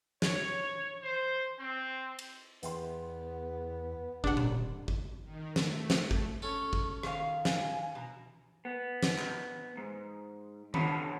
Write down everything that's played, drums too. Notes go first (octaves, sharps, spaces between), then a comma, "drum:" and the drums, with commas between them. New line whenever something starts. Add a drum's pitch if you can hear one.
C#5, drum: snare
C5
C4
drum: cymbal
E2 B3 E5 G5 C6, drum: hi-hat
D#1 D3 D4 G4 F#5, drum: kick G#1
drum: tom A#2
drum: kick G#1
D#3
A3, drum: snare
drum: snare
drum: kick G#1
C#4 A4 C#6
drum: kick G#1
D#3 F5, drum: rim click
G#5, drum: snare
B2 A#5
B3
drum: snare
drum: clap
G#2
B2 D3 B3 C#5 F#5 B5, drum: tom D#3